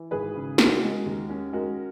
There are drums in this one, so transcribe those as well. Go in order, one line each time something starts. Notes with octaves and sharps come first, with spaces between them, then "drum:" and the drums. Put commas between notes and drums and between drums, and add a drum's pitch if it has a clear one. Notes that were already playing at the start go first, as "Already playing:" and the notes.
Already playing: E3
G#1 G#4 B4
C#3
C#4 F#4 A#4, drum: snare
G#3
D#2
C#4
G#3 F#4 A#4